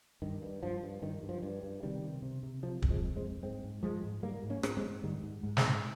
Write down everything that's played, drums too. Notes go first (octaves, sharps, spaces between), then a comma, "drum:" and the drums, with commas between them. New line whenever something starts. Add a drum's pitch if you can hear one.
G2 D#3
G2
G2 F3
G2
G2 D#3
G2
F3
G2
G2
C3 D#3 G3
C3
C3
C3
C3 F3
C3, drum: kick
F3 G#3
F2
G#3 C4
F2
G#2 G#3 C4
G#2
G#2 F3 G#3
G#2
G#2 G3 A#3
G#2
A#3 C#4
G#2, drum: rim click
G#3 C4
G#2
G#2 D#3 G3
G#2
G#2
G#3 C4, drum: snare
G#2